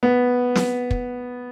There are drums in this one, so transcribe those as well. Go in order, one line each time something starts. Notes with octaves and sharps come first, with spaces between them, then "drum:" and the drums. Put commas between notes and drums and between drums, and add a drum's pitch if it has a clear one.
B3
drum: snare
drum: kick